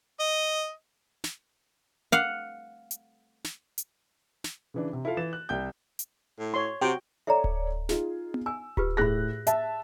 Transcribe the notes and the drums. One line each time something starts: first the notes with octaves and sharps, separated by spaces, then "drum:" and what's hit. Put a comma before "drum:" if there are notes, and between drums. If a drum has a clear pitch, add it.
D#5
drum: snare
F5 F#5
drum: hi-hat
drum: snare
drum: hi-hat
drum: snare
C#3 E3 D4
C3
E4 F4 A4 F5
E3 A6 E7
F#6
C2 G5 G6
drum: hi-hat
A2
C#5 C6
C3 F#4 G5
A4 C#5 D5 E5 A#5
drum: kick D1
D#4 F4 G#4, drum: snare
drum: tom B3
G#5 E6
F4 G4 B4, drum: kick D1
A2 G#4 B5 F#6 A#6
E5 A5, drum: hi-hat